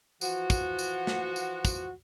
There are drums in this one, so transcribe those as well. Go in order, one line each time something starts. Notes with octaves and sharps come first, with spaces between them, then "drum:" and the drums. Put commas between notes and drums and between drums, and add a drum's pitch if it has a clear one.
E3 F3 F#4, drum: tambourine
drum: kick, tambourine
drum: tambourine
drum: snare
drum: tambourine
drum: kick, tambourine